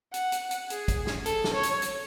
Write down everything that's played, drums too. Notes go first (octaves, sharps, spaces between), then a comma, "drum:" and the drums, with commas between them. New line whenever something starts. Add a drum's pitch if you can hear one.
F#5, drum: hi-hat
drum: hi-hat
drum: hi-hat
G#4, drum: hi-hat
drum: kick, hi-hat
drum: snare
A4, drum: hi-hat
drum: snare
C#5
drum: hi-hat
drum: hi-hat